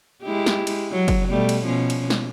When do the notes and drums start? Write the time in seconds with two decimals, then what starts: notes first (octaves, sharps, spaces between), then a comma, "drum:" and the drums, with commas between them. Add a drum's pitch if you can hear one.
0.23 G#3 E4 G4
0.46 drum: snare
0.67 drum: cymbal
0.91 F#3
1.08 drum: kick F#1, cymbal
1.28 B2 G3 A3
1.49 drum: cymbal
1.66 B2 F3 C#4
1.90 drum: cymbal
2.10 drum: snare